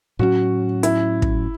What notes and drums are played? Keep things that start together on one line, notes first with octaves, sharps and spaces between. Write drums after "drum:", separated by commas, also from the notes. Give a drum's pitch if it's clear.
A2 F#3 C#4 F#4
E4, drum: hi-hat
drum: kick